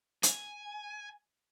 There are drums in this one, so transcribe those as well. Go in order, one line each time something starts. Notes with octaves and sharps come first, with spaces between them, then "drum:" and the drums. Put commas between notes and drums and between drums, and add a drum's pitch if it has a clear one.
G#5, drum: hi-hat